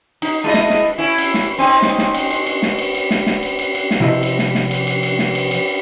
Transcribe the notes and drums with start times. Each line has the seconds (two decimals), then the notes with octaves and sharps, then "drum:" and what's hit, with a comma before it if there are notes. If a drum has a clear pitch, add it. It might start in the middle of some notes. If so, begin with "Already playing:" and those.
0.22 D#4, drum: cymbal
0.44 G#3 E4 D#5
0.54 drum: snare
0.70 drum: snare
0.98 C#4 E4
1.18 drum: cymbal
1.34 drum: snare
1.59 C4 C#4 D#4
1.82 drum: snare
1.98 drum: snare
2.14 drum: cymbal
2.30 drum: cymbal
2.47 drum: cymbal
2.63 drum: snare
2.79 drum: cymbal
2.95 drum: cymbal
3.11 drum: snare
3.27 drum: snare
3.43 drum: cymbal
3.59 drum: cymbal
3.75 drum: cymbal
3.91 drum: snare
4.00 C3 F3 E4 G#4 D#5 E5
4.23 drum: cymbal
4.39 drum: snare
4.55 drum: snare
4.71 drum: cymbal
4.87 drum: cymbal
5.03 drum: cymbal
5.19 drum: snare
5.35 drum: cymbal
5.51 drum: cymbal